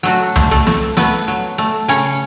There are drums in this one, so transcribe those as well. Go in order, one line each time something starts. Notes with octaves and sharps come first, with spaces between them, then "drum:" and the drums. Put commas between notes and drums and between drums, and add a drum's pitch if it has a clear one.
F#3 A3 F#4
A3, drum: tom C#2
A3 A4
A3, drum: snare
A3 B3 B4, drum: snare
F#3
A3
C#3 C#4 C#5